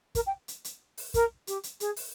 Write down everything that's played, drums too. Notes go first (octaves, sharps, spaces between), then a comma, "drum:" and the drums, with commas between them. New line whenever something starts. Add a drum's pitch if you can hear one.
A#4, drum: kick, hi-hat
G5
drum: hi-hat
drum: hi-hat
drum: open hi-hat
A#4, drum: kick, hi-hat
G4, drum: hi-hat
drum: hi-hat
G#4, drum: hi-hat
drum: open hi-hat